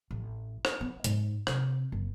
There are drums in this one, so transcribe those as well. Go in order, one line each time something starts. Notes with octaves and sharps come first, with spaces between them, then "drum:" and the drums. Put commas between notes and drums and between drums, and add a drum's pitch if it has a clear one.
A1
drum: rim click
B3
G#2, drum: hi-hat
C3, drum: rim click
F#1